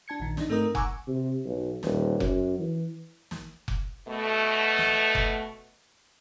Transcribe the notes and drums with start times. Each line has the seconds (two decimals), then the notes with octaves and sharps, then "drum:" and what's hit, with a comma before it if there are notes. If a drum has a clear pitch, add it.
0.08 D4 A5 G#6 C#7
0.20 A#1 D#3
0.37 D4 D#4, drum: snare
0.49 G#2 A3 C4 D#4 A#4 D#6
0.75 F#5 G#5 A#5 C#6 D6 E6, drum: kick F1
1.08 C3
1.45 B1
1.83 D#1, drum: snare
2.20 F#2, drum: kick F1
2.60 E3
3.31 drum: snare
3.68 drum: kick F1
4.08 B2 A3
4.78 drum: snare
5.15 drum: kick F1